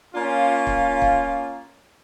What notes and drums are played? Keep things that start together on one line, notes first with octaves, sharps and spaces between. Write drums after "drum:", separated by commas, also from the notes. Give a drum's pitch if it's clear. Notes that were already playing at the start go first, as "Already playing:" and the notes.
A#3 C#4 F4
drum: kick C#1
drum: kick C#1